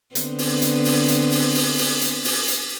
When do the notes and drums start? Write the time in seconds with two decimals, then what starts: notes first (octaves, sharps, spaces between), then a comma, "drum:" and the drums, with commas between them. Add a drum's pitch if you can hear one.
0.15 D3 B3 C4, drum: hi-hat
0.38 drum: open hi-hat
0.62 drum: hi-hat
0.85 drum: open hi-hat
1.08 drum: hi-hat
1.32 drum: open hi-hat
1.55 drum: open hi-hat
1.78 drum: open hi-hat
2.01 drum: hi-hat
2.25 drum: open hi-hat
2.48 drum: hi-hat